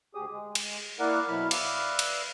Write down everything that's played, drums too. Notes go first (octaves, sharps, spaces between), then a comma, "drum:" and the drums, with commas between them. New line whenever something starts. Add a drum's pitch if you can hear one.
D2 G4 G#4 D#6
G#3
drum: cymbal
A#3 E4 A#4 D5 F#5
B2 F#3 E4 B5 F6
B4 D5 E5 F5, drum: cymbal
drum: cymbal